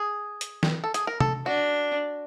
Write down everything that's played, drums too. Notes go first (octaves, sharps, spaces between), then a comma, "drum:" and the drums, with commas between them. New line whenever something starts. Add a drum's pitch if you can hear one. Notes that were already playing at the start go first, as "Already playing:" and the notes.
Already playing: G#4
drum: hi-hat
drum: snare E3
A4
G#4, drum: hi-hat
A#4
A4, drum: tom C3
D4 F#4